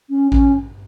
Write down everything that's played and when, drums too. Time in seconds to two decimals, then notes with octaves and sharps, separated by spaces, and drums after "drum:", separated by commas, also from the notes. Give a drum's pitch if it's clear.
0.10 C#4
0.32 C#4, drum: kick A1